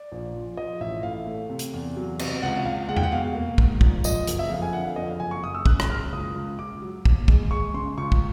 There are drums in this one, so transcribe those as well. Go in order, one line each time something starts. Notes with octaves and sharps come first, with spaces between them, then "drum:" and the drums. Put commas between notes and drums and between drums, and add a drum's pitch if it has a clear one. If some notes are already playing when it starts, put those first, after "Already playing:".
Already playing: D5
A#1
F3
F3 D#5
A1 E5
A2 F5
A3
C3
drum: hi-hat
E2
F#3
C3, drum: cymbal
C#2 F#5
C#2 F5
G#3 F#5
G5, drum: tom E2
F#5
B2 F5
A#3
G#2, drum: kick
A#1, drum: kick
F3 D#5, drum: tambourine
F#1, drum: hi-hat
E5
F2 F5
G#5
D3 F#5
F5
F2 D#5
F5
F#1 G#5
C#6
F#1 D#6
E6
C#3 F#6, drum: kick
drum: rim click
F#1 F6
C#2 D#6
C#2
C#2 D6
F#3
D#2, drum: kick
G#3, drum: kick
G#3 C#6
C#3 C6
C#2 C#6
drum: kick